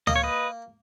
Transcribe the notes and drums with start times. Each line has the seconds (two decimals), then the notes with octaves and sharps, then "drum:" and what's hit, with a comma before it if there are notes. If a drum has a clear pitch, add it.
0.07 A#3 D#5, drum: tom C#2
0.16 C#5
0.23 B4 D#5